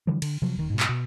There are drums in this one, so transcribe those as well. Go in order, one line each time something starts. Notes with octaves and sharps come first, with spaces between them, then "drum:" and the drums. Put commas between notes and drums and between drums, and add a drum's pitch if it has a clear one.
D3 E3 F3 G3
D3, drum: cymbal
C3 F3 F#3
D#1 D#3
G#2 B2
drum: clap
B2